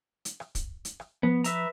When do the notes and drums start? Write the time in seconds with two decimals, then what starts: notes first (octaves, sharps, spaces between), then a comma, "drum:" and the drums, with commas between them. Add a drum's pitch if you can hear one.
0.25 drum: hi-hat
0.40 drum: rim click
0.55 drum: kick, hi-hat
0.85 drum: hi-hat
1.00 drum: rim click
1.23 F3 B3
1.44 B4 E5 A#5, drum: hi-hat